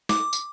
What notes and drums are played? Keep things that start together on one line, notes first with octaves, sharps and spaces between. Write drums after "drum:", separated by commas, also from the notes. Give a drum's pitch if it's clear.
D6, drum: snare
drum: tambourine